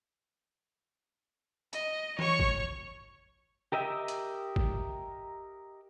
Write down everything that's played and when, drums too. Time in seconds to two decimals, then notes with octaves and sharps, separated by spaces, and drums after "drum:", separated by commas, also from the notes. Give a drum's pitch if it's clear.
1.73 D#5, drum: hi-hat
2.19 C#5 C#6, drum: tom E3
2.39 drum: kick G#1
3.72 G4 A#4 D#5 E5 G5
4.08 drum: hi-hat
4.56 drum: kick G#1